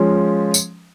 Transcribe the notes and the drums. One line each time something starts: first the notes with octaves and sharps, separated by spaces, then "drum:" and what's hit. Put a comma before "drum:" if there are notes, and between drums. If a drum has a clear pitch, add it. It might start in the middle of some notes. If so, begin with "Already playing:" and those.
Already playing: F3 G#3 C#4
drum: tambourine